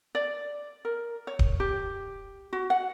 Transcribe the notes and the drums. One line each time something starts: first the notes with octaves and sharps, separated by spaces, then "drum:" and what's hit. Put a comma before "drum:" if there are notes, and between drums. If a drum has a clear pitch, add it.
D5
A#4
C#5
drum: kick D1
G4
F#4
F#5